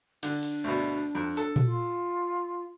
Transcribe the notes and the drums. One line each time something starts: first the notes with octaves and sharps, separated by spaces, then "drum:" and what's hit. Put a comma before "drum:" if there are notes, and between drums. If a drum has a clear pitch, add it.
D3 D4, drum: cymbal
drum: hi-hat
D2 B2
F2
A4, drum: hi-hat
drum: tom A#2
F4